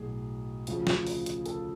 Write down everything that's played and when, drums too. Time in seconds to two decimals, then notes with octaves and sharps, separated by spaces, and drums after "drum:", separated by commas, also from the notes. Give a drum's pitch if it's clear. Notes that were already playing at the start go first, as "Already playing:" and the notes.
Already playing: B1 A2 F#3 G#4
0.67 D2 C#3 F3, drum: hi-hat
0.87 drum: snare
1.07 drum: open hi-hat
1.26 drum: hi-hat
1.46 A4, drum: hi-hat